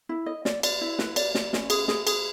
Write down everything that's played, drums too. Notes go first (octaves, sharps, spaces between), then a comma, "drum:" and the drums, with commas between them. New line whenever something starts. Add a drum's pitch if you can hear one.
E4
D#5
D5, drum: snare
D5, drum: cymbal
E4
B4, drum: snare
D5, drum: cymbal
D5, drum: snare
C#4, drum: snare
G#4, drum: cymbal
G#4, drum: snare
G#4, drum: cymbal